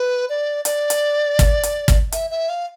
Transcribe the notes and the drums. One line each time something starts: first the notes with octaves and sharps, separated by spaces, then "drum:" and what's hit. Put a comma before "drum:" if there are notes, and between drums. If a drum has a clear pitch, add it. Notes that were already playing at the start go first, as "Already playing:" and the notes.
Already playing: B4
D5
D5, drum: hi-hat
drum: hi-hat
drum: kick, hi-hat
drum: hi-hat
drum: kick, hi-hat
E5, drum: hi-hat
E5
F5